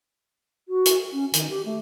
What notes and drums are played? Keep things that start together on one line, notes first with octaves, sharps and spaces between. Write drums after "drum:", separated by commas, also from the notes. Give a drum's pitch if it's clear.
F#4
drum: hi-hat
C#4
D#3, drum: hi-hat
G4
A3